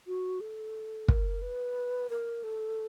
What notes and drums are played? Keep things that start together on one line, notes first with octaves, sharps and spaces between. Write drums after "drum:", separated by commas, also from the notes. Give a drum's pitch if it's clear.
F#4
A4
A#4, drum: kick
B4
A#4
A4